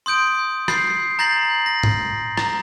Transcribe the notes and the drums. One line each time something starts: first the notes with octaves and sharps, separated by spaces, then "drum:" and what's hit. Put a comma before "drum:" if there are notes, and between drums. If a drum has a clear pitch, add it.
C6 D#6 G6 D7
G6 C7, drum: rim click
A#5 G6 A6 A#6 C7 F#7
A#6
drum: tom G#2
A#5, drum: rim click